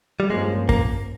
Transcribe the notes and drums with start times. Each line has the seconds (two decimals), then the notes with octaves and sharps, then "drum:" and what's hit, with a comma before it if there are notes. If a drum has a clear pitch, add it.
0.20 G3
0.30 G2 F3 G#3 A#3 C#4
0.69 A#3, drum: kick